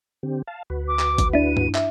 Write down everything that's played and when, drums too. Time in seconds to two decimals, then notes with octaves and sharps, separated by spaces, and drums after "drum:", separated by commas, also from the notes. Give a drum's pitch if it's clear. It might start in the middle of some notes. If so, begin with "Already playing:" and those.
0.23 D3 C4 G4
0.47 F5 A5
0.70 D2 F#4 B4
0.88 D6
0.99 drum: clap
1.18 drum: kick, hi-hat
1.33 D4 E4 D#7
1.57 drum: tom G2
1.75 E5, drum: clap